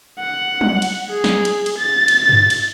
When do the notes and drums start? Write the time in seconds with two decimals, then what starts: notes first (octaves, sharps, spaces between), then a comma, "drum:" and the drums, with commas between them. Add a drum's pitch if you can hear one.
0.19 F#5
0.61 drum: tom F#3
0.82 drum: cymbal
1.10 G#4
1.24 drum: snare
1.45 drum: cymbal
1.66 drum: cymbal
1.78 A6
2.08 drum: cymbal
2.29 drum: tom G2
2.50 drum: cymbal